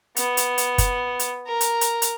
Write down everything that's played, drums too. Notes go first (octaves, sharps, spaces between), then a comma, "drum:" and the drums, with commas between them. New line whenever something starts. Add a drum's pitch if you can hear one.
B3, drum: hi-hat
drum: hi-hat
drum: hi-hat
drum: kick F#1, hi-hat
drum: hi-hat
A#4
drum: hi-hat
drum: hi-hat
drum: hi-hat